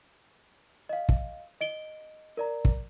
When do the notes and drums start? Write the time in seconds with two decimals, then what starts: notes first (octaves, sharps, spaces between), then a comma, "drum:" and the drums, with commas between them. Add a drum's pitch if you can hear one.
0.89 D#5 F5
1.09 drum: kick
1.61 D#5 D7 G7
2.37 A#4 D5 A#5
2.65 drum: kick